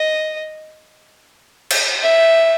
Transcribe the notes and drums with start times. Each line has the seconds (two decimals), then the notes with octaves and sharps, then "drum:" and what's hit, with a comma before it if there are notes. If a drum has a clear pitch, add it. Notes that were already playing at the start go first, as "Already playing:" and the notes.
Already playing: D#5
1.70 drum: cymbal
2.02 E5